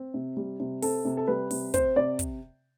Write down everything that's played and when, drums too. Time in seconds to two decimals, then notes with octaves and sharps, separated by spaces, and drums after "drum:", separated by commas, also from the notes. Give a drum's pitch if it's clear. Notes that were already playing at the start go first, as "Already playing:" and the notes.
Already playing: C4
0.14 C3
0.37 G3
0.60 C3
0.82 C4 A4, drum: open hi-hat
1.05 C3
1.17 A4
1.27 G3 B4
1.51 C3, drum: open hi-hat
1.74 C4 C5, drum: kick, hi-hat
1.96 C3 D5
2.19 drum: kick, hi-hat